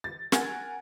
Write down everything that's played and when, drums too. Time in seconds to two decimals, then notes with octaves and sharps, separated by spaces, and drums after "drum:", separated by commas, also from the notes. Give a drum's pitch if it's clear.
0.04 A6
0.32 A#4 F#5 G#5 G#6, drum: snare